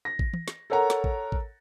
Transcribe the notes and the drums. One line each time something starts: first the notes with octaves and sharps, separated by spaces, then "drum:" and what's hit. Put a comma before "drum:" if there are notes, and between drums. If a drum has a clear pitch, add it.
A#6
drum: kick
drum: tom
drum: snare
A4 A#4 C#5 F#5 A#5
drum: snare
drum: kick
drum: kick